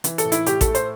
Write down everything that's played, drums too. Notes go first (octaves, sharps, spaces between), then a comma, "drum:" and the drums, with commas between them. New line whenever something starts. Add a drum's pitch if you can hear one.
E3, drum: hi-hat
A4, drum: hi-hat
A2
E4, drum: hi-hat
A2 G4, drum: hi-hat
A4, drum: kick A1, hi-hat
A3
C5, drum: hi-hat